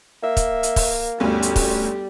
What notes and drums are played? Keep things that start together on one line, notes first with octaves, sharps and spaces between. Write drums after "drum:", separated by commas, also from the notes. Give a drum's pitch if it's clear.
A#3 E5
drum: kick, hi-hat
drum: hi-hat
drum: kick, open hi-hat
G1 D2 G3 C#4
drum: hi-hat
drum: kick, open hi-hat